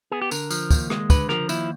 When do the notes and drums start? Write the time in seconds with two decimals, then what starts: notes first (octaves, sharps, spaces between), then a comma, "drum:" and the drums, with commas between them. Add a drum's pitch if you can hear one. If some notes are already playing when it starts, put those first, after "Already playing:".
0.12 B3 G#4
0.22 G4
0.31 D3 A#4, drum: tambourine
0.50 F3, drum: tambourine
0.71 D#2, drum: kick, tambourine
0.90 G#3, drum: rim click
1.10 D3 B4, drum: kick, tambourine
1.29 F3 A#4, drum: rim click
1.49 D#2 E4, drum: tambourine